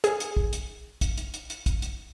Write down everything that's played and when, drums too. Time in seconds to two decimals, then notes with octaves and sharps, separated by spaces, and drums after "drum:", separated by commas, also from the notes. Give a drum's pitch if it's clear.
0.04 G#4, drum: hi-hat
0.20 drum: hi-hat
0.37 drum: kick
0.53 drum: hi-hat
1.01 drum: kick, hi-hat
1.18 drum: hi-hat
1.34 drum: hi-hat
1.50 drum: hi-hat
1.66 drum: kick, hi-hat
1.82 drum: hi-hat